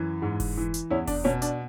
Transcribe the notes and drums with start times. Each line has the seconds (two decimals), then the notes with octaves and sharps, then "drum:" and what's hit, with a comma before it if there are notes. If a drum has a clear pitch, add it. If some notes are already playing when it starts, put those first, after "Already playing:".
Already playing: F#2 E3
0.22 G#2
0.40 drum: kick F1, open hi-hat
0.57 E3
0.74 drum: hi-hat
0.90 E2 C#4 E4
1.07 D4, drum: kick F1, open hi-hat
1.24 B2 C#4
1.42 D4, drum: hi-hat